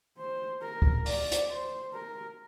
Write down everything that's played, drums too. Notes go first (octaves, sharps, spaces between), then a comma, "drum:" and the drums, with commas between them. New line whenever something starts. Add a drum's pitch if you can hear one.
C5
A#4
drum: kick
D5, drum: open hi-hat
drum: hi-hat
C5
A#4